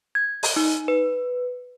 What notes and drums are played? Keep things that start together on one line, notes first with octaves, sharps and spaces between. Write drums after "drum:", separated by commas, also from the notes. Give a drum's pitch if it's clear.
G#6
drum: open hi-hat
D#4
B4